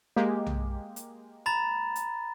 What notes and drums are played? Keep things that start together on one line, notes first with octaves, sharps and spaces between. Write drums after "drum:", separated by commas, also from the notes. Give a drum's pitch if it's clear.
G#3 A#3 G4
drum: tom B1
drum: hi-hat
A#5 B5 A6
drum: hi-hat